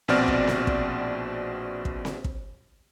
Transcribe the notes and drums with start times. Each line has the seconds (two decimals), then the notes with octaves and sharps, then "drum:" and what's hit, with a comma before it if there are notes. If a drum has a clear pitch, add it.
0.08 A#1 B2 C4 F#4 D5 F6
0.28 drum: kick
0.47 drum: snare C4
0.67 drum: kick
1.85 drum: kick
2.05 drum: snare C4
2.24 drum: kick